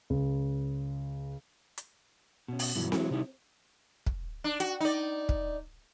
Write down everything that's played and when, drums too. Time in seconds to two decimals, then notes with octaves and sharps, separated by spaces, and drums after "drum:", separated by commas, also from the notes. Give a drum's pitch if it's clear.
0.10 C#2
1.78 drum: hi-hat
2.48 B2 C#4
2.59 drum: open hi-hat
2.75 G2 B2 E3 F#3
2.92 E3 F#3 G#3 E4, drum: snare C4
3.11 C3 D#3 G3 D#4 E4
4.06 drum: kick
4.44 D4
4.60 F#4, drum: hi-hat
4.80 D#4 D5
5.29 drum: kick